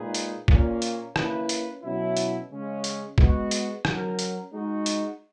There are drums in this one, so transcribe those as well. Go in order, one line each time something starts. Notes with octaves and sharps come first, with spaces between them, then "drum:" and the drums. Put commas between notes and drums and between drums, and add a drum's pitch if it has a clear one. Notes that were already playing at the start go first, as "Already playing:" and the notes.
Already playing: A#2 G#3 D#4 G#4 B4
drum: hi-hat
A#2 A#3 C#4, drum: kick
drum: hi-hat
A#3 C#4 E4 B4, drum: rim click
drum: hi-hat
B2 F#3 C#4 E4
drum: hi-hat
C#3 G#3 C#4
drum: hi-hat
G#3 B3 F#4, drum: kick
drum: hi-hat
F#3 C#4 F#4 A#4, drum: rim click
drum: hi-hat
G#3 D#4 F#4
drum: hi-hat